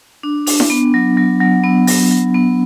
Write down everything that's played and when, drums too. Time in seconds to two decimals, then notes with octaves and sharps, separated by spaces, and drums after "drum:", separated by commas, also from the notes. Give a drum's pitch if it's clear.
0.23 D4
0.47 D4, drum: open hi-hat
0.60 drum: snare E4
0.70 B3
0.94 F#3
1.17 F#3
1.40 F#3
1.64 B3
1.87 F#3, drum: open hi-hat
2.11 F#3
2.34 B3